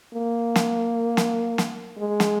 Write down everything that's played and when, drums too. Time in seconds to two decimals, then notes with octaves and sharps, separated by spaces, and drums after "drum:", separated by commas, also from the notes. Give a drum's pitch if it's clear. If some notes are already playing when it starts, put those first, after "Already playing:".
0.14 A#3
0.56 drum: snare
1.17 drum: snare
1.58 drum: snare
1.99 G#3
2.20 drum: snare